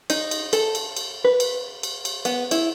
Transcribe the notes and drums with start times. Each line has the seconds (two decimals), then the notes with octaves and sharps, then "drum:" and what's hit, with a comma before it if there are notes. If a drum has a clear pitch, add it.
0.10 D#4, drum: cymbal
0.31 drum: cymbal
0.53 A4, drum: cymbal
0.75 drum: cymbal
0.97 drum: cymbal
1.24 B4
1.40 drum: cymbal
1.83 drum: cymbal
2.05 drum: cymbal
2.25 B3, drum: cymbal
2.51 E4, drum: cymbal